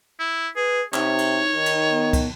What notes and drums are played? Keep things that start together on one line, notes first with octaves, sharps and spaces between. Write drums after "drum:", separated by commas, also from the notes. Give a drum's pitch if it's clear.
E4
G#4 B4
C3 D#4 C#5, drum: clap
drum: cymbal
D#3
drum: cymbal
B3
drum: kick, cymbal